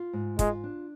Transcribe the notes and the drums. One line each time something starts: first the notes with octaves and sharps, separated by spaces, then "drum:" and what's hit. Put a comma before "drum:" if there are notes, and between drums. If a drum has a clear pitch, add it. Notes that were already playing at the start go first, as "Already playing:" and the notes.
Already playing: F4
G#2
G#3 F4, drum: kick, hi-hat
D4